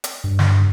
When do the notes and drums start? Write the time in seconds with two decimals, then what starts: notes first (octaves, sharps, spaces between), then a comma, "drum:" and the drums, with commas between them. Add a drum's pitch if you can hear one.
0.04 drum: hi-hat
0.24 G2
0.39 drum: snare